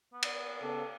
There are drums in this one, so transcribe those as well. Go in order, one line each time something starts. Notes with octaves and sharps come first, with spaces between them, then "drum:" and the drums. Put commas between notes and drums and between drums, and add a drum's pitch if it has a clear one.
B3
drum: cymbal
C#3 B3 G4 A4